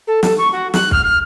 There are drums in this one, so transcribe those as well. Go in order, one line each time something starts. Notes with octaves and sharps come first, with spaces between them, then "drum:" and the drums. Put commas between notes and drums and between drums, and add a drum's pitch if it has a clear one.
A4
A4, drum: snare
C#6
F#4
F#6, drum: snare
F6, drum: kick
F6